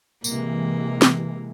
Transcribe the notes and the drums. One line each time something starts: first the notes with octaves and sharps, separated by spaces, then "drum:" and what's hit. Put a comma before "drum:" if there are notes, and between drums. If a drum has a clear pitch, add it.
C3 E3 G#3 A#3, drum: tambourine
drum: snare